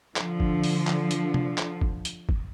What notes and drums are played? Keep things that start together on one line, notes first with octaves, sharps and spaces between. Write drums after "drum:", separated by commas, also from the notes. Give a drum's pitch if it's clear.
D3 F3, drum: clap
drum: kick
drum: open hi-hat
drum: clap
drum: hi-hat
drum: tom C3
drum: clap
drum: kick
drum: hi-hat
drum: kick